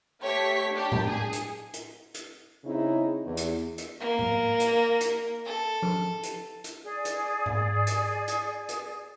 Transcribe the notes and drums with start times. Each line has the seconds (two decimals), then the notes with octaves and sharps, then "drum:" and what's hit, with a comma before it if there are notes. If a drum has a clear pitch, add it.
0.21 A3 G4 C#5 C#6 B6
0.71 D4 G4
0.92 drum: tom A2
1.08 G#4
1.33 drum: hi-hat
1.74 drum: hi-hat
2.14 drum: hi-hat
2.64 C#3 C4 D#4 E4 G#4 C#5
3.24 E2
3.37 drum: hi-hat
3.78 drum: hi-hat
4.01 A#3
4.19 drum: tom A2
4.60 drum: hi-hat
5.01 drum: hi-hat
5.45 A4
5.82 drum: tom F3
6.23 drum: hi-hat
6.64 drum: hi-hat
6.85 G#4 D5
7.05 drum: hi-hat
7.46 drum: tom G#2
7.87 drum: hi-hat
8.28 drum: hi-hat
8.69 drum: hi-hat